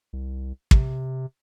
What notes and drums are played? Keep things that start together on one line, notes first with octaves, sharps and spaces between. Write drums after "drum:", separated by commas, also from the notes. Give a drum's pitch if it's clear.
C2
C3, drum: kick